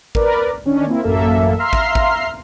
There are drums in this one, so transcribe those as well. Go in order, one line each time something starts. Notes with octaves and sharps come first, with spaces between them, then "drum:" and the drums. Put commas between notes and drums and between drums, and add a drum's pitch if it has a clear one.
A#4 B4 D5, drum: kick
D#3 C#4 D4
A#3 C4 E4
A1 F#2 A#3 A4 E5
E5 F5 A#5 C6 F6 C7
drum: kick
drum: kick